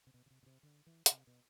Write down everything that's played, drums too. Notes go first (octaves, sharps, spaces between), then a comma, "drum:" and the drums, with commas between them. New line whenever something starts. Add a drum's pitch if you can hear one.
C3
B2
C#3
C3
B2
C3
D3
E3
C#3, drum: hi-hat
C3
B2